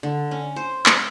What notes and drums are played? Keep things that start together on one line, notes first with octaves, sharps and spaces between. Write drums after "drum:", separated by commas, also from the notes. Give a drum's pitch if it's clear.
D3
C#4
C5
E5, drum: clap